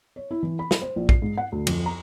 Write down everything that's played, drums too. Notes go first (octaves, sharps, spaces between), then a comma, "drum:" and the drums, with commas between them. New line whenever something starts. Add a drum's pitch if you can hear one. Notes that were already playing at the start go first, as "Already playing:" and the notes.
C#5
E4
E3
B5
drum: snare
C5
A#1
C7, drum: kick A#1
G#2
F#5
D2
F2, drum: cymbal
A#5